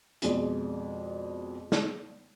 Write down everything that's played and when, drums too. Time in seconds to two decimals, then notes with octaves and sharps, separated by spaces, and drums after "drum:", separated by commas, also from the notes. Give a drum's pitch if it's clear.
0.22 F2 B2 G#3 D5, drum: hi-hat
1.72 drum: snare